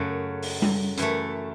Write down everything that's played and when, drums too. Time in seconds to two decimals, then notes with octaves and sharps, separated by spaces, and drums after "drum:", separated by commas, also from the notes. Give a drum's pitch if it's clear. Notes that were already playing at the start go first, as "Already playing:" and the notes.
Already playing: F#2 C#3 F#3 A3
0.43 drum: open hi-hat
0.62 drum: tom G3
0.98 F#2 E3 A3, drum: hi-hat